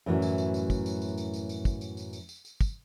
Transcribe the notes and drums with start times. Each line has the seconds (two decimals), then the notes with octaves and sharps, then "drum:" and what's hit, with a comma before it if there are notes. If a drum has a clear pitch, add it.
0.06 F#2 A2 E3 F#3 G3
0.22 drum: tambourine
0.38 drum: tambourine
0.54 drum: tambourine
0.70 drum: kick, tambourine
0.86 drum: tambourine
1.02 drum: tambourine
1.18 drum: tambourine
1.33 drum: tambourine
1.49 drum: tambourine
1.65 drum: kick, tambourine
1.81 drum: tambourine
1.97 drum: tambourine
2.13 drum: tambourine
2.29 drum: tambourine
2.45 drum: tambourine
2.61 drum: kick, tambourine